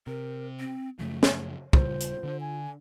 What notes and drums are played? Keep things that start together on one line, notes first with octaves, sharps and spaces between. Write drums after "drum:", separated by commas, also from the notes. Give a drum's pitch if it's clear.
C3 A#4
C4
F#2 C#3 F3 A3
drum: snare
D#1 C#3 G3 F4 C5, drum: kick
drum: hi-hat
D3 B3 D4
G#5